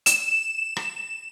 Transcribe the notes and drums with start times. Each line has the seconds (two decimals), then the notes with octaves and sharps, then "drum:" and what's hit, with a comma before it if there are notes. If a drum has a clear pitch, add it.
0.06 E7, drum: hi-hat
0.77 drum: rim click